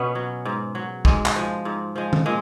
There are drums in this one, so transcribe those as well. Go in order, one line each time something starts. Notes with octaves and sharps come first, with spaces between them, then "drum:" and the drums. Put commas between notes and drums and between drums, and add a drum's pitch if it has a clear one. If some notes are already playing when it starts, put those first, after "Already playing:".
Already playing: B2 B3 C#4
F#3
G#2
F#3
G#2 G#3, drum: kick
drum: clap
F3 G#3
G#2
F3 G#3
drum: tom D#3
A#2 G#3